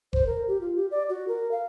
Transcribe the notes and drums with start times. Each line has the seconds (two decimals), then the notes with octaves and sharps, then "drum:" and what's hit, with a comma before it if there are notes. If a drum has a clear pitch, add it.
0.13 C5, drum: kick F#1
0.26 A#4
0.48 G4
0.61 F4
0.76 G4
0.91 D5
1.09 F#4
1.28 A#4
1.51 F5